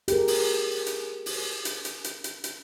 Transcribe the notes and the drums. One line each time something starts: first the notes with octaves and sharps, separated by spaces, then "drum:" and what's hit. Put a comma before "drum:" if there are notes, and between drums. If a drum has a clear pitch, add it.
G4 G#4 A#4, drum: hi-hat
drum: open hi-hat
drum: hi-hat
drum: open hi-hat
drum: hi-hat
drum: hi-hat
drum: hi-hat
drum: hi-hat
drum: hi-hat